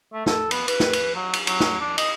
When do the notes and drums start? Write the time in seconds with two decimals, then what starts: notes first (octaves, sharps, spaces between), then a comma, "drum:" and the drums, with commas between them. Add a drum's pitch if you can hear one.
0.13 A3
0.26 A4, drum: snare
0.51 B3, drum: cymbal
0.68 B4, drum: cymbal
0.80 drum: snare
0.93 drum: cymbal
1.15 F#3
1.33 drum: cymbal
1.47 F#3, drum: cymbal
1.60 drum: snare
1.81 D4
1.98 D#5, drum: cymbal